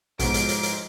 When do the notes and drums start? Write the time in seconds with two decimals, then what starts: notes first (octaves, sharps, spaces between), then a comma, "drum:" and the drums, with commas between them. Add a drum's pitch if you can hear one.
0.19 A#1 G#2 B2 F3 D7, drum: hi-hat
0.34 drum: hi-hat
0.49 drum: hi-hat
0.63 drum: hi-hat